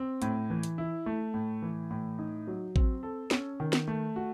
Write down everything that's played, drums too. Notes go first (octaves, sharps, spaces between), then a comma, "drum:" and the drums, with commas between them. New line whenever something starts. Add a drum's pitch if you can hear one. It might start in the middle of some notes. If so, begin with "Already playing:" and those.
Already playing: C4
A2, drum: hi-hat
E3
drum: hi-hat
E4
A3
A2
E3
A2
D#4
F#3
C4, drum: kick A1
A4
C#4, drum: snare
D#3
drum: snare
A3
F#4